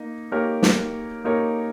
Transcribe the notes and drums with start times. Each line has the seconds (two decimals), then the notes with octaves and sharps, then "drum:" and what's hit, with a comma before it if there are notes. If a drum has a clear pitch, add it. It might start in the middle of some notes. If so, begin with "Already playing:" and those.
Already playing: A#3 D#4
0.32 A#3 D#4 G4 A#4 C#5
0.63 drum: snare
1.24 A#3 D#4 G4 A#4 C#5